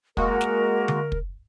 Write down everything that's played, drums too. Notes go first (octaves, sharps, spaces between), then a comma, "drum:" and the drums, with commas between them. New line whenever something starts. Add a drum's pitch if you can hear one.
G#3 A#3 F#4 A#4, drum: kick
drum: snare
drum: tom D3
drum: kick